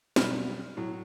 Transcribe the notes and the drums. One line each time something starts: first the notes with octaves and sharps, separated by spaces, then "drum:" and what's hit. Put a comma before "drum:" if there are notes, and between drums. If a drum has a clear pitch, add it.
B1 F#3 G3 B5 F6, drum: snare
A2 F#3